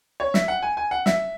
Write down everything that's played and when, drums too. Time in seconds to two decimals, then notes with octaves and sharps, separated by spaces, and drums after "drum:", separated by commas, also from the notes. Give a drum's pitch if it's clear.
0.20 C#5
0.34 E5, drum: snare
0.48 F#5
0.62 G#5
0.77 G#5
0.91 F#5
1.06 E5, drum: snare